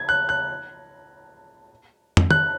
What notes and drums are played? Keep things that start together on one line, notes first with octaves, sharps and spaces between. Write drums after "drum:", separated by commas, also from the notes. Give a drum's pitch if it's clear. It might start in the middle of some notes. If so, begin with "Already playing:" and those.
Already playing: G#6
F#6
F#6
drum: tom
F#6, drum: tom